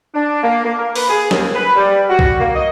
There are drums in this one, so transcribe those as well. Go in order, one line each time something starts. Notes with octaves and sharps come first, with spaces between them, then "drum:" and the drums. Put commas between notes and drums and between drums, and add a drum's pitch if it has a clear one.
D4
A#3
A#3
A#4
B4, drum: open hi-hat
G#4
D#2, drum: snare
B4
G3
F#4
drum: kick C2
A#3
D#5